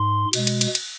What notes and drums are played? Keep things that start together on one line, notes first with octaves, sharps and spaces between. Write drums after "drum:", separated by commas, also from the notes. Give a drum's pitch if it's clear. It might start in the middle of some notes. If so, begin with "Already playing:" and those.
Already playing: G#2 C6
B2 G#3, drum: cymbal
drum: cymbal
drum: cymbal
drum: cymbal